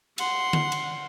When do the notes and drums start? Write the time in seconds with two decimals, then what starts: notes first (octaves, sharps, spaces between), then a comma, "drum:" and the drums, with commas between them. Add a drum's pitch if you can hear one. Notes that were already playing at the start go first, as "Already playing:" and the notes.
0.18 F#5 C6, drum: cymbal
0.53 drum: tom D3
0.72 drum: cymbal